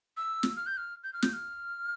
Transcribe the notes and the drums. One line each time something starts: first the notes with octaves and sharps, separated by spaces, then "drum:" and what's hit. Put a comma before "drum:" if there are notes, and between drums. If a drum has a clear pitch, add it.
E6
drum: snare
F6
G6
F6
G6
F6
G6, drum: snare
F6